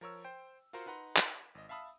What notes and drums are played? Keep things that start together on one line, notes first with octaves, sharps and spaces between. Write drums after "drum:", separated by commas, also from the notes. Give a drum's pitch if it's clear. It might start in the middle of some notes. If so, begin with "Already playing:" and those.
F3 A#4 C#5 E6
C5 G5
F4 F#4 A#4 C5 F#5
D#4 B4 F#5 A#5 C6
drum: clap
G#1 D#5
E5 F5 A5 B5 D#6 E6